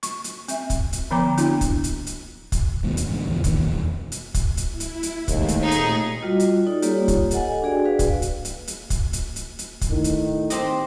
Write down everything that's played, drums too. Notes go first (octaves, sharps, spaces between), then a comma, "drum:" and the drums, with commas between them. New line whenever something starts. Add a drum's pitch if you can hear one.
C#6, drum: hi-hat
drum: hi-hat
C4 E5, drum: hi-hat
drum: kick, hi-hat
drum: hi-hat
D3 F3 B3 G5 A#5 D6
A#3 B3 D4 E4 F#4, drum: hi-hat
drum: kick, hi-hat
drum: hi-hat
drum: hi-hat
drum: kick, hi-hat
D#2 G#2 B2
D2, drum: hi-hat
A1 G#2 B2 D3
E2 B2 F3
E2 B2 D#3 A#3, drum: kick, hi-hat
E2 G2
drum: hi-hat
drum: kick, hi-hat
drum: hi-hat
E4
drum: hi-hat
drum: hi-hat
D#2 G#3 A3 C4, drum: kick, hi-hat
drum: hi-hat
A#2 A3 D#4 G#4
drum: hi-hat
G3 F4 F#4 D#5
drum: hi-hat
D#4 A4 D5
G3 A#3 F4 G4 C#5, drum: hi-hat
drum: kick, hi-hat
A4 D#5 F#5 G#5, drum: hi-hat
D4 F#4 G#4 D5 G5
F#4 G#4 B4 F5
drum: kick, hi-hat
drum: hi-hat
drum: hi-hat
drum: hi-hat
drum: kick, hi-hat
drum: hi-hat
drum: hi-hat
drum: hi-hat
drum: kick, hi-hat
A2 D#3
drum: hi-hat
C4 G4 D#5, drum: hi-hat